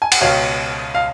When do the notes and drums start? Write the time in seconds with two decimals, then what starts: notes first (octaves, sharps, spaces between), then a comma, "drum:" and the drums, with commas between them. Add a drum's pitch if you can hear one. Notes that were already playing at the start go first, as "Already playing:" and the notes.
0.02 G#5
0.12 F#5, drum: cymbal
0.21 C#2 B2 C#5 F5
0.95 F5